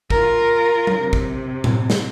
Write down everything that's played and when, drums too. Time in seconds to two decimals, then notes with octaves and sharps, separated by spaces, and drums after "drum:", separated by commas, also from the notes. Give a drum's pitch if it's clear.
0.10 F4 A#4, drum: kick
0.87 drum: tom F#3
1.00 C3
1.13 drum: kick
1.64 drum: tom A2
1.90 drum: snare